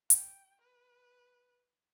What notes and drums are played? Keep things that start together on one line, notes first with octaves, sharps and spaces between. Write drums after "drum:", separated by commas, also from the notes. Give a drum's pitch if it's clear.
G5, drum: hi-hat
B4